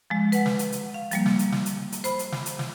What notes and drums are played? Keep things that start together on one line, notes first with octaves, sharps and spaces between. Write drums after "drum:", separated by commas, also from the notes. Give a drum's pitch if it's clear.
F3 G#3
B4 F#5, drum: hi-hat
drum: snare
drum: hi-hat
drum: hi-hat
F5
F3 G3 A#3, drum: hi-hat
drum: snare
drum: hi-hat
drum: snare
drum: hi-hat
drum: hi-hat
C5 B5, drum: hi-hat
drum: hi-hat
drum: snare
drum: hi-hat
drum: snare